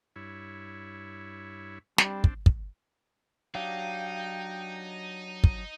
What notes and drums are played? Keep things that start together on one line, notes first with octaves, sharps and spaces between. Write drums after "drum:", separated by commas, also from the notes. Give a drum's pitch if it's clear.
G2 E4 C#5
G3 C4 D4, drum: snare
drum: kick
drum: kick
F#3 D4 D#4 G4 F5 G5
drum: kick